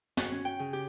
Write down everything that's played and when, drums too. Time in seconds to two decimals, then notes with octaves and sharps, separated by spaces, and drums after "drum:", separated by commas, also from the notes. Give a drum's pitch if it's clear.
0.17 F#4, drum: snare
0.32 C#4
0.45 G5
0.59 C#3
0.73 G4